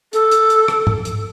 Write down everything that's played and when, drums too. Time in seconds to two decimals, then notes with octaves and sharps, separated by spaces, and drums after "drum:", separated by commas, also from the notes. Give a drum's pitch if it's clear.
0.13 A4, drum: hi-hat
0.31 drum: hi-hat
0.50 drum: hi-hat
0.68 drum: rim click
0.87 drum: tom
1.05 drum: hi-hat